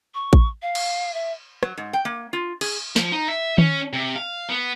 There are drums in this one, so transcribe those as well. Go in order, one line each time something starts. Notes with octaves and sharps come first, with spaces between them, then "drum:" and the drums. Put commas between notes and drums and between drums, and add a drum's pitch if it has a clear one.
C#6
drum: kick A1
F5
drum: cymbal
E5
F#3, drum: rim click
G#2
G5
A#3
F4
G#4, drum: cymbal
F3, drum: snare
D#4
E5
C#4, drum: tom D#3
C3
F5
B3